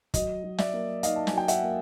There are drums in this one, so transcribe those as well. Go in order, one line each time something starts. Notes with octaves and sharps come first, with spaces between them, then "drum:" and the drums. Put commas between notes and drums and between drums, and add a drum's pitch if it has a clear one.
F#3 D#5, drum: kick, hi-hat
F#3
D5 E5, drum: snare
A#3
D#4 D#5 F5, drum: hi-hat
A5
G#5, drum: snare
F#3 G5
E5 F#5, drum: hi-hat
A#3